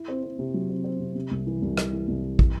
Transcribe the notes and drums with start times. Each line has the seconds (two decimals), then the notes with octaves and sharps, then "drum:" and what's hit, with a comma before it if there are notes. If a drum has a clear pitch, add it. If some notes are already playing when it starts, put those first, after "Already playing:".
Already playing: E4
0.08 C4
0.23 C4
0.39 C3
0.54 F#3
0.69 C4
0.84 C4
1.00 C3
1.15 C3
1.31 C2
1.47 E3
1.62 C2
1.77 E3, drum: rim click
1.93 E3
2.08 C2
2.23 E3
2.39 E3, drum: kick